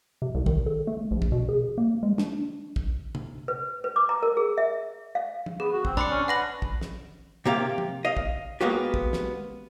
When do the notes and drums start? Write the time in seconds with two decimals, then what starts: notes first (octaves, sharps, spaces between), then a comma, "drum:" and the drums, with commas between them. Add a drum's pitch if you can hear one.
0.22 C3
0.35 C2
0.46 D#3, drum: kick
0.66 A4
0.87 A3
1.11 A#1
1.22 drum: kick
1.32 B2
1.49 G#4
1.78 A#3
2.03 G#3
2.18 D4, drum: snare
2.76 drum: kick
3.15 drum: tom
3.48 B4
3.84 B4
3.96 D6
4.09 A#5
4.23 A#4
4.37 G#4
4.58 E5
5.15 F5
5.46 drum: tom
5.60 B3 G#4
5.73 F#4
5.85 C4, drum: kick
5.97 D4 B5 C6 C#7
6.11 C#4
6.28 B4 F#5 A#6 F#7
6.62 drum: kick
6.81 drum: snare
7.46 C3 A#3 G4 F5
7.78 drum: tom
8.05 D#5 F5
8.17 drum: kick
8.61 G#3 A#3 B3 F#4 G4
8.94 drum: kick
9.13 drum: snare